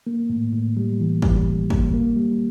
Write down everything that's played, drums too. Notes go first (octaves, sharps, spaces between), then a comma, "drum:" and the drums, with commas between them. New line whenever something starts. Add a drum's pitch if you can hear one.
A#3
A2
A2
G3
E3
G3, drum: kick
G3
A#3, drum: kick
A#3
G3